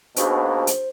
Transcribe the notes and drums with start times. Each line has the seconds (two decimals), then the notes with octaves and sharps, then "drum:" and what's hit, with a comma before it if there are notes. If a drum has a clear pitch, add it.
0.16 D#2 B2 D4 F#4 G#4 C5, drum: hi-hat
0.67 drum: hi-hat